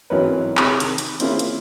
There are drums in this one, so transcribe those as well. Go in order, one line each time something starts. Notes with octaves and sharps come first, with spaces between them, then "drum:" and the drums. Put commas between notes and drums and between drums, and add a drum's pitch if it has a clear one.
G#1 E3 F#3 C#4 A#4 B4
C3 G#4 B5, drum: clap
D#3, drum: hi-hat
drum: hi-hat
A#3 C4 C#4 E4 F4 G#4, drum: hi-hat
drum: hi-hat